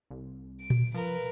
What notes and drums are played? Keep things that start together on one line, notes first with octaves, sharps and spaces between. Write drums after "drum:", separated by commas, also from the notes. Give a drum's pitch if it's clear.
C2
D7
drum: tom A#2
F3 A#4 B4